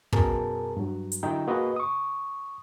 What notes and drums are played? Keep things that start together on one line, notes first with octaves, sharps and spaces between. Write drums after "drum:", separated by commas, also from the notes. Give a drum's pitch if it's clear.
F#2 B2 G#4 A#4 A5, drum: kick
G2 F#3
drum: hi-hat
D3 F#3 D#4 E4 G5
A#3 F#4 G#4 B4 D#5
C#6 D#6